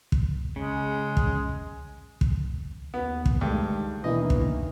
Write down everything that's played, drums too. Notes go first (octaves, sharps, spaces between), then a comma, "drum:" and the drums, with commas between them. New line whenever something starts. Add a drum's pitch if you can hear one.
drum: kick
C#3 G#3
drum: kick
drum: kick
D#2 B3
drum: kick
G2 D#3 G#3 A3
D#2 B2 D#3 E3 A#3 D4 E4 D#5
drum: kick